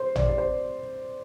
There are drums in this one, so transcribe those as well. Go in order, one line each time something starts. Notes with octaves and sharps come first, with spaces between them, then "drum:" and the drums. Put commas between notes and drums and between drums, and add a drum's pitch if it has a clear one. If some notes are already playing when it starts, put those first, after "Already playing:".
Already playing: C5
D5, drum: tom
D5
C5